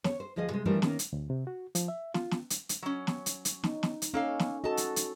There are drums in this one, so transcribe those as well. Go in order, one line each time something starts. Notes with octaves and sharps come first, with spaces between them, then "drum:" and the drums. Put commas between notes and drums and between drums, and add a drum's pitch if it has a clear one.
C#5, drum: snare
C5
D2 F3 G#4 D#5 F5
C3 G#3
E3 F3 G3 A3 D4 A#4
D#3 A#3 C#4, drum: snare
drum: hi-hat
D2
C3
F#4
F3, drum: hi-hat
E5
F4, drum: snare
drum: snare
drum: hi-hat
drum: hi-hat
F#3 C#4
drum: snare
drum: hi-hat
drum: hi-hat
D#4, drum: snare
drum: snare
drum: hi-hat
A#3 C#4 D#4 A4 F5
drum: snare
F#4 A4 D#5 A5
drum: hi-hat
drum: hi-hat